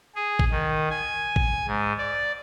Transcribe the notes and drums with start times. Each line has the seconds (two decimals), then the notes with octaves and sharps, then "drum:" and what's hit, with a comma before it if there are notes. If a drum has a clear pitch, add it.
0.15 G#4
0.39 drum: kick A1
0.51 D#3
0.90 G#5
1.36 drum: kick A1
1.67 G#2
1.98 D5